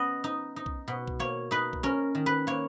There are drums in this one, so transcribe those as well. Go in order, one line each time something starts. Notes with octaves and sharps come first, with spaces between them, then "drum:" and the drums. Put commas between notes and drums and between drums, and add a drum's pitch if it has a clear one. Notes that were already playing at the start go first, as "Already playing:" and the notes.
Already playing: B3 C#4 D#5
D#4
D#4
drum: kick B1
B2
drum: kick B1
A#3 C#5
D#4 B4
drum: kick B1
C#4 A#4
D#3
B4
A#3 C#5